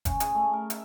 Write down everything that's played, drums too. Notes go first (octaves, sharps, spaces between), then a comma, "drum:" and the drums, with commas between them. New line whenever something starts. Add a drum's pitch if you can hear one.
C#4, drum: kick, hi-hat
G#4, drum: hi-hat
A3
A#4
E5, drum: hi-hat